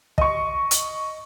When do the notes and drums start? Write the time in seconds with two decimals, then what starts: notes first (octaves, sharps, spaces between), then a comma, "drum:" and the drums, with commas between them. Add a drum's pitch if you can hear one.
0.18 D#5 C#6, drum: kick
0.71 drum: hi-hat